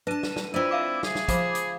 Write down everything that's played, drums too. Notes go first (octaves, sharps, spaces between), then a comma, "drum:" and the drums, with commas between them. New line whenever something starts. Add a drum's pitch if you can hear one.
D4 B4 A5 D#7
drum: snare
drum: snare
C4 E4 F4 C5 D5 D#7
E5 F5 D6
G#4, drum: snare
drum: snare
F3 F5 B5 D6, drum: kick, hi-hat
drum: hi-hat